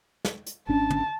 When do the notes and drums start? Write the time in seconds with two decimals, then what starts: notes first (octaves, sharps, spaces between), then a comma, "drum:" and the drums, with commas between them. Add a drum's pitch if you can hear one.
0.25 drum: snare
0.46 drum: hi-hat
0.68 G#1 C#4 D4 A5
0.90 drum: tom